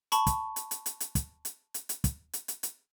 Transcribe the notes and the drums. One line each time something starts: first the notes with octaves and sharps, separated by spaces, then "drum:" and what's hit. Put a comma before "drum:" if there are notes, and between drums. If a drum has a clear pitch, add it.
A5 B5 C#6, drum: hi-hat
drum: kick, hi-hat
drum: hi-hat
drum: hi-hat
drum: hi-hat
drum: hi-hat
drum: kick, hi-hat
drum: hi-hat
drum: hi-hat
drum: hi-hat
drum: kick, hi-hat
drum: hi-hat
drum: hi-hat
drum: hi-hat